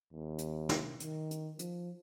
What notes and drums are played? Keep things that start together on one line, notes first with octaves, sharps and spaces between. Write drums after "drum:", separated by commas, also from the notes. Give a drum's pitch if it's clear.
D#2
drum: hi-hat
drum: snare
D#3, drum: hi-hat
drum: hi-hat
F3, drum: hi-hat